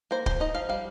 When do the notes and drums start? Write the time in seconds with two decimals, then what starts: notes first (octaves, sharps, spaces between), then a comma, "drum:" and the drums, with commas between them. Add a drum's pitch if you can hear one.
0.11 A#3 C5
0.26 F3 C5, drum: kick
0.40 D#4 D#5
0.55 F3 F5
0.69 G3 F5